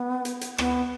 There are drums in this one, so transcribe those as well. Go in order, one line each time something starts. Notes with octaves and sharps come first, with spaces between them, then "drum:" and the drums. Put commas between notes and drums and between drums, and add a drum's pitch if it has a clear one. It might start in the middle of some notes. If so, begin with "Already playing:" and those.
Already playing: B3
drum: hi-hat
drum: hi-hat
B3, drum: rim click